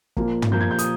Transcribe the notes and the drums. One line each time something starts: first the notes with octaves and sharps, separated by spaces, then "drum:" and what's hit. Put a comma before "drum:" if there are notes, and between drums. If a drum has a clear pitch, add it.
A#2 F3 A#3, drum: kick
drum: tom
A#2 F3 A#3 G6
G#6
G6
D#6, drum: hi-hat